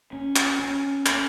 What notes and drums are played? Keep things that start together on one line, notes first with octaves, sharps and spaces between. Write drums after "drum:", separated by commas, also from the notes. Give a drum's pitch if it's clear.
C#4
drum: clap
C#4
C#4, drum: clap